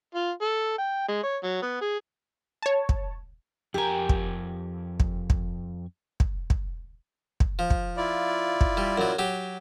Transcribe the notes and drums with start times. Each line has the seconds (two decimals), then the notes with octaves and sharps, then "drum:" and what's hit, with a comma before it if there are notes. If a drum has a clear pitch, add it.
0.15 F4
0.41 A4
0.78 G5
1.08 G#3
1.24 C#5
1.44 F#3
1.62 B3
1.81 G#4
2.62 C#5 A5
2.89 drum: kick
3.74 F2 G4 A#4 G#5
4.09 drum: kick
5.00 drum: kick
5.30 drum: kick
6.20 drum: kick
6.50 drum: kick
7.40 drum: kick
7.59 F3
7.70 drum: kick
7.97 E4 F4 D5
8.61 drum: kick
8.77 G3
8.98 F#2 F#3
9.19 F#3 G4